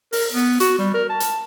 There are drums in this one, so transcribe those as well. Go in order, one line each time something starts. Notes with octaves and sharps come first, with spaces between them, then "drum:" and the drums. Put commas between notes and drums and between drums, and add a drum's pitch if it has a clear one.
A#4, drum: open hi-hat
B3
F#4, drum: hi-hat
G3
A#4
A5
drum: hi-hat